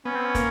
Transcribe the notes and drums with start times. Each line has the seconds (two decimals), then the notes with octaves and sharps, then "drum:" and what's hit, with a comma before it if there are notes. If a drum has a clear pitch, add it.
0.05 B3 C#4
0.16 C4
0.25 C#4
0.35 A#3, drum: kick, hi-hat